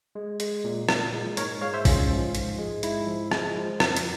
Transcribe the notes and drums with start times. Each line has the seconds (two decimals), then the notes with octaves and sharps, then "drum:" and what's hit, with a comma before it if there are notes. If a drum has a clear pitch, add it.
0.15 G#3
0.40 G#3, drum: hi-hat
0.64 A#2
0.89 A#2, drum: rim click
1.13 G#3
1.37 G#2 A#4 C#5, drum: hi-hat
1.61 G#3 C#5 F5
1.74 C5 E5
1.85 G#2 C#4 F4, drum: kick, open hi-hat
2.11 F3
2.35 G#2, drum: hi-hat
2.58 G#3
2.83 G#2 E4, drum: hi-hat
3.07 F3
3.32 G#3, drum: rim click
3.56 F3
3.80 F2, drum: rim click
3.97 drum: hi-hat